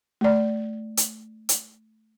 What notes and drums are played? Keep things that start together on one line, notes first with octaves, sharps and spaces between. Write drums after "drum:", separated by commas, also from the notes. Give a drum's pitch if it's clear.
A3 D5
drum: hi-hat
drum: hi-hat